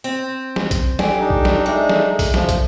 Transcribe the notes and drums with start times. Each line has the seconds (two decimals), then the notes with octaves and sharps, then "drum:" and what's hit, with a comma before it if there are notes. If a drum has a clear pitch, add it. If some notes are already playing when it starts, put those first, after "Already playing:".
0.04 C4
0.56 drum: snare
0.71 drum: kick, hi-hat
0.99 G4 A4 D5 G#5, drum: snare
1.20 D4 D#4
1.30 drum: kick
1.45 drum: snare
1.66 G#3 D5 E5
1.89 drum: snare
2.19 drum: kick, open hi-hat
2.34 F3, drum: snare
2.49 drum: kick, hi-hat